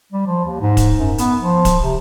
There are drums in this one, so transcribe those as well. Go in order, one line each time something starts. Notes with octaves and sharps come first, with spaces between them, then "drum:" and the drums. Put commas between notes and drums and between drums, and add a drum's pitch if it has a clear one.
G3
F3
D#2
G#2
drum: kick, hi-hat
F#2
B3, drum: hi-hat
F3
drum: kick, hi-hat
C3